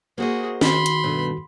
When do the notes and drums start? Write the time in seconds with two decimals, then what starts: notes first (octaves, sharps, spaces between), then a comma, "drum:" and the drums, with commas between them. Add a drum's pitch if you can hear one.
0.18 A#3 F#4 G#4 C5 D#5
0.61 D#3 F#4 B5 C6, drum: snare
0.86 drum: hi-hat
1.04 G2 B2 A3